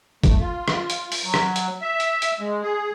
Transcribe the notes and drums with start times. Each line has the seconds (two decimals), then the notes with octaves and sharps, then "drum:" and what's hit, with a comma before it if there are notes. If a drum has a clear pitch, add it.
0.24 A3, drum: kick, hi-hat
0.40 F4
0.68 drum: rim click
0.90 drum: hi-hat
1.12 drum: open hi-hat
1.23 F#3
1.34 drum: rim click
1.56 drum: hi-hat
1.81 E5
2.00 drum: hi-hat
2.22 drum: hi-hat
2.39 G#3
2.62 G#4